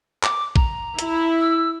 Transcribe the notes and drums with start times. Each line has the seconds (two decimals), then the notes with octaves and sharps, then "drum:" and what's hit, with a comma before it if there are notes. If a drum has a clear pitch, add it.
0.23 D6, drum: clap
0.56 A#5, drum: kick A#1
0.99 E4, drum: hi-hat
1.40 E6